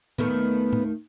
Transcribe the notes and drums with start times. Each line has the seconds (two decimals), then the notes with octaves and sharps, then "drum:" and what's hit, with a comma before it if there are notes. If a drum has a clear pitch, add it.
0.18 D#2 D#3 A3 B3, drum: tom
0.73 drum: tom